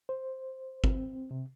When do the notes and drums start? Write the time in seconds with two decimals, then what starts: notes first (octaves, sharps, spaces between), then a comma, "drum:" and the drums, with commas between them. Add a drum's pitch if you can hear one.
0.09 C5
0.84 C4, drum: kick G1
1.31 C3